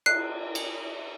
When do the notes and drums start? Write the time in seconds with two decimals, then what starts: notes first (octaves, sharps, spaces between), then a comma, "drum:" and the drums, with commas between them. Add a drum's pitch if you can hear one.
0.06 F#6 C7, drum: cymbal
0.55 drum: cymbal